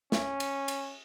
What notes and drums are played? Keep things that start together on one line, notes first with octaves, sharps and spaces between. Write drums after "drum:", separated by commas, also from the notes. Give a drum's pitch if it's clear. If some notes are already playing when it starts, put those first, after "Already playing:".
C#4, drum: snare
drum: cymbal
drum: cymbal